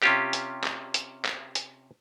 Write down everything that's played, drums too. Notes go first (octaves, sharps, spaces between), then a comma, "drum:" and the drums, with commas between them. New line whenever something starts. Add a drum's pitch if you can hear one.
C3 C#4 F4 G4, drum: clap
drum: hi-hat
drum: clap
drum: hi-hat
drum: clap
drum: hi-hat